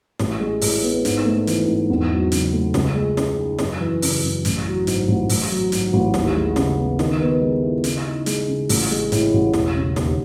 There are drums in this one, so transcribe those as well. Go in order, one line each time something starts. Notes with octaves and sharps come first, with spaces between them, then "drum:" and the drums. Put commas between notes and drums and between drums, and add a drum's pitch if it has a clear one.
A1, drum: snare
G#3
A2, drum: open hi-hat
B3
G#2, drum: hi-hat
A3
E3, drum: hi-hat
G#2
E2
F#3
C#3, drum: hi-hat
A3
C#2, drum: snare
G#3
C#3, drum: snare
D#4
F#2, drum: snare
E3
C#3, drum: open hi-hat
F#2
A1, drum: hi-hat
F#3
G#2, drum: hi-hat
A1
A1, drum: open hi-hat
F#3
G#2, drum: hi-hat
A1
D#2, drum: snare
G#3
C#3, drum: snare
B3
D#3, drum: snare
B3
G#3
E4
C#3, drum: hi-hat
D#4
G#3, drum: hi-hat
C#3
A1, drum: open hi-hat
G#3
A2, drum: hi-hat
A1
E1, drum: snare
C#3
D#2, drum: snare